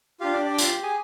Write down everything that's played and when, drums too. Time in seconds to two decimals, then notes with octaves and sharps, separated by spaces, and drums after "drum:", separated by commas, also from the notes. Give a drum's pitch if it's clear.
0.20 D4 F4 G4 F5
0.33 D4 D5
0.46 D4 D5
0.54 G5
0.58 F4 F5, drum: hi-hat
0.83 G#4 G#5